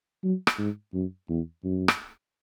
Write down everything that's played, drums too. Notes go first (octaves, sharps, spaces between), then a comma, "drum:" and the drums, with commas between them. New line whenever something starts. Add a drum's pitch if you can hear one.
F#3
drum: rim click
G#2
F#2
E2
F#2
drum: rim click